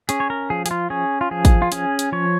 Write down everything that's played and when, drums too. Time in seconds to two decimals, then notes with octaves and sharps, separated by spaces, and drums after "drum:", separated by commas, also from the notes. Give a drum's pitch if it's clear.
0.09 C#4 G#4, drum: hi-hat
0.20 C#5
0.30 A#4
0.50 F3 G#4
0.66 G#4, drum: hi-hat
0.71 F4
0.90 C#4 G#4
1.21 F4
1.31 F3 G#4
1.45 drum: kick, hi-hat
1.62 F4
1.72 C#4 G#4, drum: hi-hat
1.99 drum: hi-hat
2.12 F3 C#5